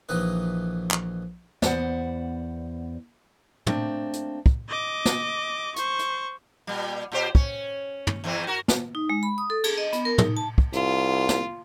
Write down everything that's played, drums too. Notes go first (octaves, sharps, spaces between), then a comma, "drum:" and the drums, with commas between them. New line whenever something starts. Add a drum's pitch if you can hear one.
A#1 E3 D#4 B4
drum: clap
E2 B3 C5 D5 F#5, drum: snare
A3 A#3 C4 D4, drum: tom
drum: hi-hat
drum: kick
D#5 D6
drum: snare
C5 C#6, drum: hi-hat
drum: hi-hat
A#2 G3
A#2 G4 C5
C#4, drum: kick
drum: tom
E2 E3 C4
F#4 A#4
drum: snare
D#4
G#3
B5
D#6
A4
G#4, drum: cymbal
D#5
B3, drum: hi-hat
A#4
D#4, drum: tom
A5
drum: kick
C2 F4, drum: hi-hat
drum: snare